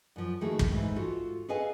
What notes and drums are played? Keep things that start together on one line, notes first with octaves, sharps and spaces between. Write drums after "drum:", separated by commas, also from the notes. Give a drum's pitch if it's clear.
F#2 F3
D#3 E3 A3 A#3 F#4 G#4
drum: kick
G#2 E3
F4 F#4 A4
G#4 A4 B4 D#5 F5 G#5